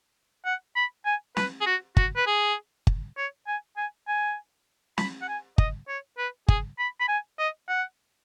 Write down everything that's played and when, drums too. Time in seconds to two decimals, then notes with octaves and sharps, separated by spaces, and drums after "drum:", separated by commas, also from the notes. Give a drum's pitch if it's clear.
0.45 F#5
0.76 B5
1.06 G#5
1.37 B4, drum: snare
1.61 G#4
1.66 F#4
1.97 F#4, drum: kick G1
2.16 B4
2.27 G#4
2.87 drum: kick G1
3.17 C#5
3.47 G#5
3.77 G#5
4.08 G#5
4.98 B5, drum: snare
5.22 F#5
5.28 G#5
5.58 D#5, drum: kick G1
5.88 C#5
6.18 B4
6.48 G#4, drum: kick G1
6.79 B5
7.00 B5
7.08 G#5
7.39 D#5
7.69 F#5